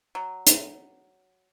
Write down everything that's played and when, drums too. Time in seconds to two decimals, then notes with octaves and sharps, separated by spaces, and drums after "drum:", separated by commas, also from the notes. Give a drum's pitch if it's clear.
0.15 F#3
0.47 drum: hi-hat